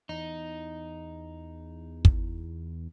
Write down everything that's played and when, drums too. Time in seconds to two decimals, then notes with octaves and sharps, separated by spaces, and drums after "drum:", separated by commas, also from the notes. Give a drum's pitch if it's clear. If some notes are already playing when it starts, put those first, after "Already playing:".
0.09 E2 D#4
2.05 drum: kick